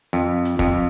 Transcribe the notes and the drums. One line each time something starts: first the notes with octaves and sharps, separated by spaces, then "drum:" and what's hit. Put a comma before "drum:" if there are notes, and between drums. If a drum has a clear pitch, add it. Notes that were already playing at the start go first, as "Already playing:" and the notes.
F2
drum: hi-hat
F2, drum: kick